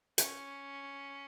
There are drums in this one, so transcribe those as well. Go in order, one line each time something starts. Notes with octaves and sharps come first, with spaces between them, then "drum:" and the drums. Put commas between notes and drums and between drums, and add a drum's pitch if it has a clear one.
C#4, drum: hi-hat